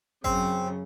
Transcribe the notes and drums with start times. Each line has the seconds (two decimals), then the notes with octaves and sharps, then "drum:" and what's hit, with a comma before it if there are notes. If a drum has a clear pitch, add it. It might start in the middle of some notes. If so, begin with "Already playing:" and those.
0.24 F#2 C#3 C4, drum: kick G#1